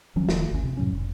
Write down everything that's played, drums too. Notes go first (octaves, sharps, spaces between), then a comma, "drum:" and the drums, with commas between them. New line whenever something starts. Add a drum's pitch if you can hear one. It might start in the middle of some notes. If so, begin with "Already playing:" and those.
D#3 F3 F#3 C#4
E1 D#3, drum: snare
G1 D2 B2 C#4
C3
F2 A2 F#3 C#4
F1